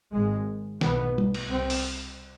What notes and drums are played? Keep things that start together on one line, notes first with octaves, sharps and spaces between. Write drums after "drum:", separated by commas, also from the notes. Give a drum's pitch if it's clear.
G#1 G#2 G#3
B1 B2 B3, drum: snare
drum: tom
drum: cymbal
C2 C4
drum: open hi-hat